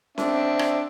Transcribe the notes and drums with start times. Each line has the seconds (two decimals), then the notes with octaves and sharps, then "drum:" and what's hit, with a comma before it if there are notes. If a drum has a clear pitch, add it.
0.18 C4 D4 E5, drum: snare C#4
0.59 drum: rim click